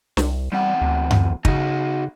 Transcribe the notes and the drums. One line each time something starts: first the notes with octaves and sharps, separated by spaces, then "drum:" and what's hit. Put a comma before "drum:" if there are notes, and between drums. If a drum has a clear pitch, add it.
C2, drum: snare
E2 G3 C4 F#5
D2
drum: tom F#2
C#3 D#4 F#4, drum: kick